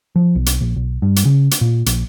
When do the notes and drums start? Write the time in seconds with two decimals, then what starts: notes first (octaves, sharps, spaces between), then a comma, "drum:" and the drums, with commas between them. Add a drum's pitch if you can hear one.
0.16 F3
0.35 B1
0.46 drum: hi-hat
0.61 A#1
0.76 B1
1.02 G2
1.16 drum: hi-hat
1.25 C#3
1.51 drum: hi-hat
1.61 A#2
1.86 A#1, drum: hi-hat